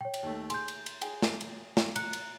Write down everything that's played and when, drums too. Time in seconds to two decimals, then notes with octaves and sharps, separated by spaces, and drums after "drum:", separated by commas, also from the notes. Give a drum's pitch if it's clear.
0.01 C#5 G5
0.14 drum: cymbal
0.23 D#2 A3
0.50 G#4 C6 G6, drum: cymbal
0.68 drum: cymbal
0.86 drum: cymbal
1.01 G#4 G5, drum: cymbal
1.22 drum: snare
1.41 drum: cymbal
1.77 drum: snare
1.96 A#5 F#6 C#7, drum: cymbal
2.13 drum: cymbal